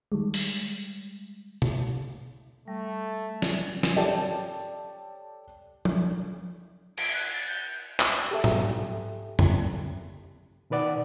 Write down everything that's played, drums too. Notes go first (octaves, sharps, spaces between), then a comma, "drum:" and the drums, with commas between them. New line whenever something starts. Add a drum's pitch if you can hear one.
D#3 G3 G#3
drum: open hi-hat
drum: tom B2
G3 A3
drum: snare
drum: snare
G4 A4 C#5 D5 G5 A5
drum: tom
D7, drum: cymbal
F#6
A6
G6
drum: clap
G4 A4 E5
drum: tom G#2
drum: tom F2
B2 D#3 B4 D5 F#5